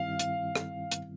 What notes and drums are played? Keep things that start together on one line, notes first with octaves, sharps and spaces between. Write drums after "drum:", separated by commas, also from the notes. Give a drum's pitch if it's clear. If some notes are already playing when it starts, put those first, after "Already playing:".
Already playing: G2 D#3 G3 C4 E4 F5
drum: hi-hat
drum: rim click
drum: hi-hat